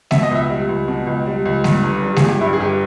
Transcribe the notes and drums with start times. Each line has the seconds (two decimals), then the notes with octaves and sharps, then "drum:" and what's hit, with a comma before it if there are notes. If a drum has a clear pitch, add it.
0.11 B2 E5, drum: snare G#3
0.23 D#5
0.31 C#2 E5
0.50 G3
0.69 C#2
0.88 B2
1.07 C#2
1.26 G3
1.45 C#2
1.64 G2, drum: snare G#3
1.83 G1
2.03 G3
2.16 G#4, drum: snare G#3
2.22 G1
2.28 G4
2.41 G2 E4
2.53 G#4
2.60 G1 G4